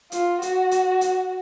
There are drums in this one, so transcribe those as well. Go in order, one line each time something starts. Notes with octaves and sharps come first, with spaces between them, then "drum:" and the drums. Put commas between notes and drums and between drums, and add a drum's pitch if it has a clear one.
F4, drum: hi-hat
F#4, drum: hi-hat
drum: hi-hat
drum: hi-hat